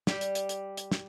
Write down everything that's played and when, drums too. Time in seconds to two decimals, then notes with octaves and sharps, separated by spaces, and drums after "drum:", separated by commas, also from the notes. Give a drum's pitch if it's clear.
0.07 G3 G4, drum: snare
0.21 drum: hi-hat
0.35 drum: hi-hat
0.49 drum: hi-hat
0.77 drum: hi-hat
0.92 drum: snare